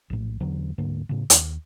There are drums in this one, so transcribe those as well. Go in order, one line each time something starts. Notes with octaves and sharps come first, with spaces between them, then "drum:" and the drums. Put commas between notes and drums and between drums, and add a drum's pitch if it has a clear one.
A#1 A2
E2 D3 F#3
D1 G#2 D3 A#3
A2 C#3
D#2, drum: hi-hat